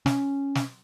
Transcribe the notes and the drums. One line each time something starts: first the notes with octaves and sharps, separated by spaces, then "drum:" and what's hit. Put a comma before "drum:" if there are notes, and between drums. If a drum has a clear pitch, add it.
C#4, drum: snare
drum: snare